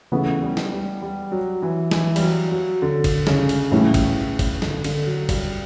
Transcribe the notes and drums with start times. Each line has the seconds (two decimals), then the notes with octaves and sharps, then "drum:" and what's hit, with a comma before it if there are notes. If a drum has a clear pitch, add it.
0.12 C#3 E3 A3 B3
0.42 G3
0.57 drum: snare
0.72 G3
1.02 G3
1.32 F#3
1.62 E3
1.91 E3, drum: snare
2.16 G3, drum: cymbal
2.22 F#3
2.51 F#3
2.82 D3
3.04 drum: kick G#1, cymbal
3.27 C#3, drum: snare
3.49 drum: cymbal
3.72 A2 E3 G3 C#4 E4
3.94 drum: kick G#1, cymbal
4.39 drum: kick G#1, cymbal
4.62 D3, drum: snare
4.84 D3, drum: cymbal
5.07 F#3
5.29 G3, drum: kick G#1, cymbal